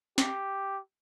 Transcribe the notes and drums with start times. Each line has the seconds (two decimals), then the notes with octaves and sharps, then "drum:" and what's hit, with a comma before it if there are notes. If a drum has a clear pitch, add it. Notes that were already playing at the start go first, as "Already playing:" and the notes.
0.18 G4, drum: snare